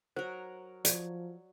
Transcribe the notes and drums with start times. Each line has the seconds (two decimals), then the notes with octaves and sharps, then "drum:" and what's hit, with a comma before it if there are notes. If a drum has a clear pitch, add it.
0.16 F#3 A#4 C5
0.85 F3 D5, drum: hi-hat